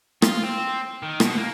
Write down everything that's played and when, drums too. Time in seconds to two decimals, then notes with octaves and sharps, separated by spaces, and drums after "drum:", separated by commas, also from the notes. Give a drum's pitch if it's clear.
0.22 F4, drum: rim click
0.43 C4
1.03 D#3
1.20 B2, drum: rim click
1.37 A#3